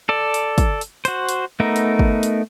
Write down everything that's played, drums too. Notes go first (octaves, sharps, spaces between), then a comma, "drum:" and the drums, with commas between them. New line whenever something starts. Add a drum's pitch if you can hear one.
A4 D5
drum: hi-hat
drum: kick, hi-hat
drum: hi-hat
F#4 C5, drum: hi-hat
drum: hi-hat
A3 B3 D#4 A#4
drum: hi-hat
drum: kick
drum: hi-hat